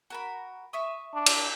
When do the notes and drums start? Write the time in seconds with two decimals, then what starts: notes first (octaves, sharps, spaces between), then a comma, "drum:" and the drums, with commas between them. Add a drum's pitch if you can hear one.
0.10 F#4 A#4 B5
0.73 E5 C#6 D#6
1.14 D4
1.26 drum: cymbal